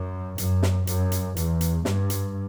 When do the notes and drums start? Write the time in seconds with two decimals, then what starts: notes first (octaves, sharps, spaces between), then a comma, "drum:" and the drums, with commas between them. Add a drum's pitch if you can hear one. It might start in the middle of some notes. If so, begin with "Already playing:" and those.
Already playing: F#2
0.38 F#2, drum: hi-hat
0.63 drum: snare
0.87 F#2, drum: hi-hat
1.12 drum: hi-hat
1.37 E2, drum: hi-hat
1.61 drum: hi-hat
1.85 G2, drum: snare
2.10 drum: hi-hat